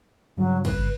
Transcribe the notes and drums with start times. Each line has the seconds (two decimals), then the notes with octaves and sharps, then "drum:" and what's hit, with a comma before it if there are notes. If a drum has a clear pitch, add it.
0.37 G2 C#3 F#3
0.65 B4, drum: kick, cymbal